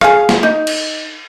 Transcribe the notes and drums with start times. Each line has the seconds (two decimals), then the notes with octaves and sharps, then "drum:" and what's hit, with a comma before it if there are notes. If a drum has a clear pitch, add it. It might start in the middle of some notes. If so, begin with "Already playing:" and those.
0.01 G#4 F5, drum: rim click
0.29 drum: snare
0.43 D#4
0.67 drum: cymbal